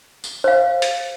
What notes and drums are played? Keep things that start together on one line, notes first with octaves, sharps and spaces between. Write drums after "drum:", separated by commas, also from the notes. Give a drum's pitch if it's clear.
drum: tambourine
C5 F5
drum: hi-hat